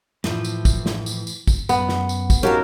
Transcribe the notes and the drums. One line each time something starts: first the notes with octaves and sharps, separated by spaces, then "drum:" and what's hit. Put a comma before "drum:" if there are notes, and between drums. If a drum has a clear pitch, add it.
A2 E3 F3, drum: snare
drum: tambourine
drum: kick, tambourine
drum: snare
drum: tambourine
drum: tambourine
drum: kick, tambourine
F#2 B3 F#5, drum: tambourine
drum: snare
drum: tambourine
drum: kick, tambourine
C#4 D#4 F#4 G4 A#4 F5 A5